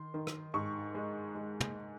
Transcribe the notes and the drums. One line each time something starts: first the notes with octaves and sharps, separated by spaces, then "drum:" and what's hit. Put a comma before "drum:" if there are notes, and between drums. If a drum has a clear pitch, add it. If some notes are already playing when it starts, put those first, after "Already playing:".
Already playing: D#3 C6
D#3
drum: rim click
G#2 C#6
G#3
G#3
drum: tom